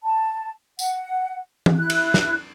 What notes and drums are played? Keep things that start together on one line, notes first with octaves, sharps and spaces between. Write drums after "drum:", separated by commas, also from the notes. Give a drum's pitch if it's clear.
A5
F#5, drum: tambourine
drum: tom E3
E4 F#6
drum: cymbal
drum: snare